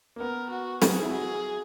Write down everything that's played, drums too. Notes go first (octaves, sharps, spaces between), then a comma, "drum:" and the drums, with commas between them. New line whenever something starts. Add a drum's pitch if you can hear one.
A#3
B3 A#4
F#4
G#4, drum: snare
E4
F#4 G#4